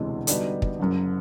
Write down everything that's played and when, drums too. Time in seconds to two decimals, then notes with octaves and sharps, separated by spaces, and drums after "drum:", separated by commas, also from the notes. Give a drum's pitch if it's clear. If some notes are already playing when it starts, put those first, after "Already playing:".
Already playing: E1 D2 C3 E3 G#3
0.27 D3 G3 B3 D#4 F#4, drum: hi-hat
0.62 drum: kick
0.80 F#1 F#2 C#3 F#3